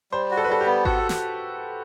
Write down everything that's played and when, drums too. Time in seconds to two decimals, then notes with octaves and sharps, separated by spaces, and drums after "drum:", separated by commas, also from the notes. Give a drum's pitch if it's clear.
0.12 G3 C5
0.31 F#4
0.37 A4
0.44 B4
0.48 G3 A4
0.61 G4
0.66 B3
0.85 F#4 A4, drum: kick G#1
1.09 drum: snare